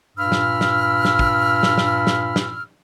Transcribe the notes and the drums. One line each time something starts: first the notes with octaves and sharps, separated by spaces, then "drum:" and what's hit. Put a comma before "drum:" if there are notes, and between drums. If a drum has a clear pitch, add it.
G2 A#2 B5 E6 F6
drum: snare
drum: snare
drum: snare
drum: kick
drum: snare
drum: snare
drum: snare
drum: snare